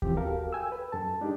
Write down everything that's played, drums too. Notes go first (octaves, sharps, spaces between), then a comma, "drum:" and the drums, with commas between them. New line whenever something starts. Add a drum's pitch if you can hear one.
E3 F3 C4 G4, drum: kick D#2
F#4 G4 A4 A#4 F5
G5 G#5 E6
B4
F#2 A4 A5
G#3 D4 D#4 G4